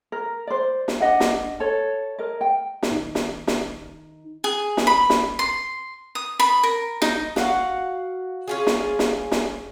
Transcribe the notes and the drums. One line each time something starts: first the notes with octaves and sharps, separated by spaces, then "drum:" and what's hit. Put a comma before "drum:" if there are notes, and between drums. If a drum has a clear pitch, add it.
A#4
C5 D5
drum: snare
D4 D#5 F#5
drum: snare
A4 C#5
A#4 D#5
G5
drum: snare
D#4
drum: snare
drum: snare
G#4
drum: snare
B5
drum: snare
C6
D#6
B5
A#4
D#4, drum: snare
F#4 F5 F#5, drum: snare
C#4 F4 G#4
drum: snare
drum: snare
drum: snare